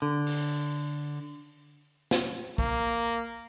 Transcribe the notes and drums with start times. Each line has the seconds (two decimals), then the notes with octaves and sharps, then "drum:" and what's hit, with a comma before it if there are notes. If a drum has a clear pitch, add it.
0.02 D3
0.27 drum: open hi-hat
2.11 drum: snare
2.58 A#3, drum: kick